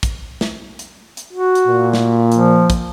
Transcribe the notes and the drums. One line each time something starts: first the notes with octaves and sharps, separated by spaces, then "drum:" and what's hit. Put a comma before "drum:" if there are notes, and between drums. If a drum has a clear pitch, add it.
drum: kick, hi-hat
drum: snare
drum: hi-hat
drum: hi-hat
F#4
drum: hi-hat
A#2
drum: snare
F3, drum: hi-hat
drum: kick, hi-hat